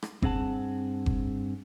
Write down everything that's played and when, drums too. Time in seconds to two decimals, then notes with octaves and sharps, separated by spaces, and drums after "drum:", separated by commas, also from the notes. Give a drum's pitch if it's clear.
0.03 drum: rim click
0.22 G2 C4 G#4 F#5 A5, drum: kick F#1
1.06 drum: kick F#1